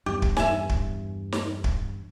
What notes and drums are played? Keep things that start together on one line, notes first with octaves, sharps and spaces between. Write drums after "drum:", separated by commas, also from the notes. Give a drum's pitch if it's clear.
E2 G2 G4
drum: kick
E5 G#5, drum: snare
drum: kick
drum: snare
drum: kick